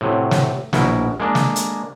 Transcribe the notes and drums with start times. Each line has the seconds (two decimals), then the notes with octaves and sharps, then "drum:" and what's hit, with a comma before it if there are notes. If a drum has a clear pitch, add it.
0.01 A2 C3 F#3
0.31 drum: snare
0.73 A#1 B2 E4 A#4 F#5, drum: snare
1.20 G#3 A#3 D4
1.35 drum: snare
1.56 drum: hi-hat